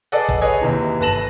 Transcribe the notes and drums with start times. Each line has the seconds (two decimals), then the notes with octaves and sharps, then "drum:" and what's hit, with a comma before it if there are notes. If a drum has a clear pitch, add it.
0.12 G#4 A4 B4 D5 D#5 F#5
0.29 drum: kick
0.41 G#4 B4 C#5 D#5
0.61 D#2 C3 E3
1.00 G1 B4 A5 A#6 E7 F#7